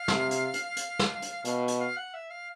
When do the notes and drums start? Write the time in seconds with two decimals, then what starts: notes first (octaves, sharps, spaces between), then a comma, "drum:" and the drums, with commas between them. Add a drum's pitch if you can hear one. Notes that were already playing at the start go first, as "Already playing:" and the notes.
Already playing: F5
0.08 C3, drum: snare
0.31 drum: hi-hat
0.54 drum: hi-hat
0.77 drum: hi-hat
0.99 drum: snare
1.22 drum: hi-hat
1.45 B2 F5, drum: hi-hat
1.68 drum: hi-hat
1.80 F5
1.96 F#5
2.14 E5
2.30 F5